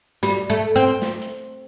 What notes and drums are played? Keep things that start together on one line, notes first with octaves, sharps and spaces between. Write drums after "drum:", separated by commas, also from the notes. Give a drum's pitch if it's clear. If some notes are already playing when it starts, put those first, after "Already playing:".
G3, drum: snare
A3
C4
drum: snare
drum: hi-hat